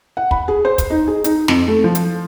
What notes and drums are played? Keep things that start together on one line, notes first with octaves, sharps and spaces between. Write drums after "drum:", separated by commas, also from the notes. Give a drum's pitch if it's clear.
F#5
B5, drum: kick
G#4
C5
drum: kick, hi-hat
D#4
G#4
D#4, drum: hi-hat
F2, drum: snare
A3
F3
drum: hi-hat